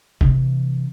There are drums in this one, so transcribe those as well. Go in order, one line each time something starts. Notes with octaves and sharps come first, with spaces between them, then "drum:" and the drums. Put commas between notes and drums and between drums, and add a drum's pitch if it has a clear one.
C3 E3, drum: kick